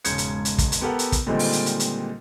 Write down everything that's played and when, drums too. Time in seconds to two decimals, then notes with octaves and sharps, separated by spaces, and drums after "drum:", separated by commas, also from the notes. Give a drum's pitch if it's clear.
0.05 E1 G#2 C#3 G6 G#6 C#7, drum: hi-hat
0.18 drum: hi-hat
0.45 drum: hi-hat
0.58 drum: kick, hi-hat
0.72 drum: hi-hat
0.81 B3 G4 A4 A#4 F#5
0.99 drum: hi-hat
1.12 drum: kick, hi-hat
1.27 A#2 D3 D#3 G3 G#3 C4
1.39 drum: open hi-hat
1.53 drum: hi-hat
1.66 drum: hi-hat
1.80 drum: hi-hat